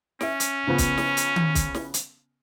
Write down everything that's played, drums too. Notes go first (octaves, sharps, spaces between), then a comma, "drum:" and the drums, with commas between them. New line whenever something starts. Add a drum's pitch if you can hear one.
C#4 E5 D7, drum: snare
drum: hi-hat
C#3 F3 B3
drum: kick B1, hi-hat
drum: snare
drum: hi-hat
drum: tom D#3
drum: kick B1, hi-hat
drum: snare
drum: hi-hat